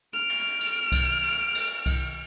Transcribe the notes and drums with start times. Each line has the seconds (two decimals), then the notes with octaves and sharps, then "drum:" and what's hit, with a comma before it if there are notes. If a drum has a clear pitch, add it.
0.13 F6 D7
0.29 drum: cymbal
0.61 drum: cymbal
0.92 drum: kick C2, cymbal
1.23 drum: cymbal
1.55 drum: cymbal
1.86 drum: kick C2, cymbal